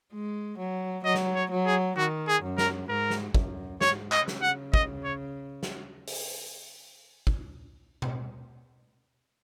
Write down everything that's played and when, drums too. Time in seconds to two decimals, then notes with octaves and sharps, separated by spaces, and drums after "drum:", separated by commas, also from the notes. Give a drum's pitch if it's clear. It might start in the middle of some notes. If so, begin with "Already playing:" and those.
0.13 G#3
0.58 F#3
1.04 F#3 D#5
1.15 drum: snare
1.35 C#5
1.51 F#3
1.66 G#4
1.97 D#3 F#4
2.28 G#4
2.42 F#2
2.58 A#4, drum: snare
2.89 G#2 A#4
3.10 drum: snare
3.34 F#2, drum: kick
3.81 G#2 C#5, drum: snare
4.12 D#5, drum: clap
4.28 C#3, drum: snare
4.42 F#5
4.74 D#5, drum: kick
5.04 C#5
5.63 drum: snare
6.07 drum: open hi-hat
7.27 drum: kick
8.02 drum: tom B2